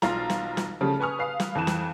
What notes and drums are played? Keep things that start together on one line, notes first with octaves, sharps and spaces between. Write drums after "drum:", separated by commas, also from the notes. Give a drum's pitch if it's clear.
B1 F4 A#5, drum: snare
drum: snare
drum: snare
C#3 F3 G3 A3
B4 G#5 C#6 D#6 F6
B4 F5 C7
drum: snare
F2 E3 F#6 E7
drum: snare